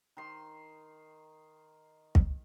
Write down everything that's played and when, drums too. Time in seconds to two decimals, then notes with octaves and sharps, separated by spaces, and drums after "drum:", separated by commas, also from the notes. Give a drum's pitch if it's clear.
0.17 D#3 C6
2.15 drum: kick